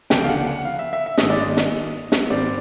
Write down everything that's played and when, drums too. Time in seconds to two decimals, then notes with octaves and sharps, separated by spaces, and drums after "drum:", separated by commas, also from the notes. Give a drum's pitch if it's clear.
0.10 D2 C#3 F3 A3 D4 G5, drum: snare
0.24 F5
0.28 F#5
0.47 F#5
0.65 F5
0.79 E5
0.93 E5
1.06 E5
1.18 G#2 D#3 G#3 C#4 D#5, drum: snare
1.30 D5
1.41 D#5
1.57 drum: snare
2.12 drum: snare
2.30 G#2 D#3 G3 C4 D5